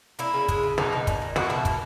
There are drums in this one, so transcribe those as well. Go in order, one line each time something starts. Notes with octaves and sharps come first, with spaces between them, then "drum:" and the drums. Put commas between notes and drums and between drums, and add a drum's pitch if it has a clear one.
A#3 E4, drum: hi-hat
C#3
G#3, drum: kick, hi-hat
C#3
B2 D#4, drum: snare
B2
A#2, drum: kick, hi-hat
A#2
A#3 F#4, drum: snare
B2 E4
A#3, drum: kick, hi-hat